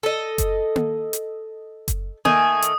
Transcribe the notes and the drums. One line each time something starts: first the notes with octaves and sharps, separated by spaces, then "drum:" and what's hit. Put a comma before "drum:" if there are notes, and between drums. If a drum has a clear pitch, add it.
A4 D#5
drum: kick F#1, hi-hat
drum: tom A#3
drum: hi-hat
drum: kick F#1, hi-hat
D#3 A3 G#5 D#6, drum: tom A#3
drum: hi-hat